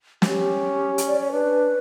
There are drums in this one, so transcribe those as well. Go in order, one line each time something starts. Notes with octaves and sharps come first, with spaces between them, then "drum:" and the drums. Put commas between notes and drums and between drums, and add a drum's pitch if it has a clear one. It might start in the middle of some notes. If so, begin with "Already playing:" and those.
F#4, drum: snare
C#4 G4
drum: hi-hat
D5
C#5
D4 B4